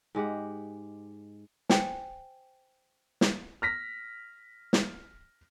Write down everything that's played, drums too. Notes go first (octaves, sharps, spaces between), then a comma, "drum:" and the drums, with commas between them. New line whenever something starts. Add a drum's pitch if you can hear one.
G#2 G#3 G4 F#5
C5 G5 G#5, drum: snare
drum: snare
F6 A#6 B6
drum: snare